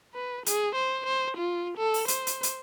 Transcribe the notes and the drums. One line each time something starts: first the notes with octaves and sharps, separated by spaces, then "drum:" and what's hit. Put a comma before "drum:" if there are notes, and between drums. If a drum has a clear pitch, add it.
B4
G#4, drum: hi-hat
C5
C5
F4
A4
drum: open hi-hat
C5, drum: hi-hat
drum: hi-hat
drum: hi-hat